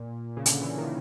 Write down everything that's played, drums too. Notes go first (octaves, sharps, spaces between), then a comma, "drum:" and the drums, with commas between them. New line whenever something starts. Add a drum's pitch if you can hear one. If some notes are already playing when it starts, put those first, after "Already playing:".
Already playing: A#2
C#3
D3, drum: hi-hat
E3
D#3